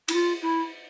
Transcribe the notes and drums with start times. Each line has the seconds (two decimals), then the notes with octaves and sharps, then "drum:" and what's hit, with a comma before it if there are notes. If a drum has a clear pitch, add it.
0.08 E4, drum: cymbal
0.13 F4
0.42 E4